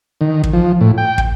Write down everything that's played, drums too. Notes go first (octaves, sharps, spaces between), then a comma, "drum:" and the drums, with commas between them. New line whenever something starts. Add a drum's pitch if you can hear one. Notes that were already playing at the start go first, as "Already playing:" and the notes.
D#3
drum: kick
F3
A2
G5
drum: kick